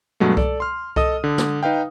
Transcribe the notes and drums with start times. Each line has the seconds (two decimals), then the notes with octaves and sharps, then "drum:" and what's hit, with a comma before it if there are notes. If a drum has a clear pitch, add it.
0.20 G2 B2 F#3 G#3 A3
0.37 A4 D5, drum: kick C2
0.60 C6 F6
0.96 A4 D#5 D#6, drum: kick C2
1.24 D3
1.38 drum: snare
1.63 D#4 B4 F5 G5